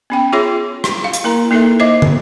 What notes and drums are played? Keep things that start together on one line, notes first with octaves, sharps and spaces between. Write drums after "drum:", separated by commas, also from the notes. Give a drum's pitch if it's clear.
B3 C#4 G5
F4 G#4 C#5 E5 C6
drum: rim click
F5
drum: hi-hat
A#3 E4 A#4 A#5 C6
A#3 D#4 E4 A4 A#4 E5
C5 D#5 E5 D6
drum: tom